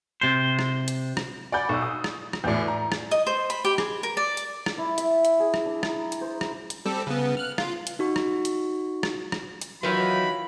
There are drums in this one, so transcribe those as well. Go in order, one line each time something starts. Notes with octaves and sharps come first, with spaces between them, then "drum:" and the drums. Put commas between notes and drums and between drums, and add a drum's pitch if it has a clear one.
C3 C5
drum: rim click
drum: hi-hat
drum: rim click
D5 F#5 G#5 B5 G6
B1 C#6 E6
D#6
drum: rim click
drum: rim click
E2 A2 D5 G6
A#5
drum: rim click
D#5
C5
B5, drum: hi-hat
G4
G#4, drum: rim click
A#4
D5
drum: hi-hat
drum: rim click
E4
E5, drum: hi-hat
drum: hi-hat
G#4
drum: rim click
D4
A#5, drum: rim click
drum: hi-hat
C5
drum: rim click
drum: hi-hat
G3 C4 A4
C#3 B3
F6 F#6
F4, drum: rim click
drum: hi-hat
D#4 F#4 C#6
drum: rim click
drum: hi-hat
drum: rim click
drum: rim click
drum: hi-hat
D#3 E3 F#3 F4 C#5 B5